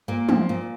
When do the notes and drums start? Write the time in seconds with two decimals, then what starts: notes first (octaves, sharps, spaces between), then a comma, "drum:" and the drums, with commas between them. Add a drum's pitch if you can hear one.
0.08 A#2 A#3
0.29 F3, drum: tom
0.49 A#2